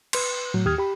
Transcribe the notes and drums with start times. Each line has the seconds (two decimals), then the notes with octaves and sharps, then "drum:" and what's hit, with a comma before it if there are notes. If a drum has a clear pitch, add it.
0.13 B4 C6, drum: cymbal
0.54 A2 F#3
0.66 D#2 G4 D#6 F6 G#6
0.78 G4 B5